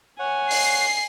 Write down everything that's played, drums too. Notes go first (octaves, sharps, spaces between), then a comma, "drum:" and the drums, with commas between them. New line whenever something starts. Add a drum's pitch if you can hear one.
C#5 F#5 G#5
C7, drum: open hi-hat